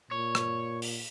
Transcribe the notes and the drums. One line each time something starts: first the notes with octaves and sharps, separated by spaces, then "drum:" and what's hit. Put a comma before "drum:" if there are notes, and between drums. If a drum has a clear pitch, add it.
A#2 C#5
drum: rim click
drum: open hi-hat